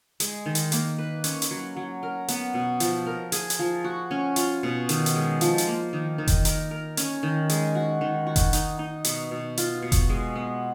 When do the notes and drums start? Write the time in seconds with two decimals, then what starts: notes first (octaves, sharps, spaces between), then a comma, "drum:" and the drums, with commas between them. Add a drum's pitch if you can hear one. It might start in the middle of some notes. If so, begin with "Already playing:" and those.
0.20 G#3, drum: hi-hat
0.46 D#3
0.55 drum: hi-hat
0.72 A#3, drum: hi-hat
0.98 B4
1.24 C#4, drum: hi-hat
1.42 drum: hi-hat
1.51 F#3
1.77 F#3
2.03 A#4
2.28 B3, drum: hi-hat
2.54 B2
2.80 F3, drum: hi-hat
3.06 A#4
3.32 G#4, drum: hi-hat
3.50 drum: hi-hat
3.59 F3
3.84 F#4
4.11 C#4
4.36 F4, drum: hi-hat
4.63 B2
4.89 D#3, drum: hi-hat
5.06 drum: hi-hat
5.15 G#3
5.41 F3, drum: hi-hat
5.58 drum: hi-hat
5.67 A#3
5.93 D#3
6.18 D#3
6.28 drum: kick F1, hi-hat
6.45 A#4, drum: hi-hat
6.71 A#4
6.97 C#4, drum: hi-hat
7.23 D#3
7.49 G#3, drum: hi-hat
7.75 F#4
8.01 D#3
8.27 F#4
8.36 drum: kick F1, hi-hat
8.53 D#4, drum: hi-hat
8.79 D#4
9.04 B2, drum: hi-hat
9.31 B2
9.57 F4, drum: hi-hat
9.83 B2
9.92 drum: kick F1, hi-hat
10.09 G#3
10.36 B3